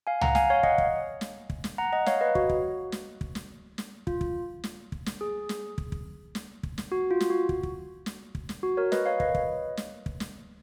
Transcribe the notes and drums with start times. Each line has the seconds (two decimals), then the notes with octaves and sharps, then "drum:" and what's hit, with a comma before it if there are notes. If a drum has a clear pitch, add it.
0.07 F5 G#5
0.21 F#5 A#5, drum: tom
0.35 F5 G#5, drum: snare
0.50 C#5 F5
0.63 D#5 F#5, drum: kick
0.78 drum: kick
1.21 drum: snare
1.50 drum: kick
1.64 drum: snare
1.78 F#5 A#5
1.93 D#5 F#5
2.06 C#5 F5, drum: snare
2.21 B4 D#5
2.35 F#4, drum: kick
2.49 drum: kick
2.92 drum: snare
3.21 drum: kick
3.35 drum: snare
3.78 drum: snare
4.07 F4, drum: kick
4.21 drum: kick
4.64 drum: snare
4.92 drum: kick
5.06 drum: snare
5.21 G#4
5.49 drum: snare
5.78 drum: kick
5.92 drum: kick
6.35 drum: snare
6.63 drum: kick
6.78 drum: snare
6.92 F#4
7.11 F4
7.20 drum: snare
7.30 F#4
7.49 drum: kick
7.63 drum: kick
8.06 drum: snare
8.35 drum: kick
8.49 drum: snare
8.63 F#4
8.77 A#4 C#5
8.92 B4 D#5, drum: snare
9.06 C#5 F5
9.20 B4 D#5, drum: kick
9.35 drum: kick
9.77 drum: snare
10.06 drum: kick
10.20 drum: snare